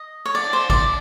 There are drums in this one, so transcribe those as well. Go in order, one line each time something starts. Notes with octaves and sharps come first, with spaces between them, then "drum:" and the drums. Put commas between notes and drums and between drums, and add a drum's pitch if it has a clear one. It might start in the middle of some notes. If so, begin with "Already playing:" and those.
Already playing: D#5
C#5
D5, drum: cymbal
C5
D5, drum: kick G#1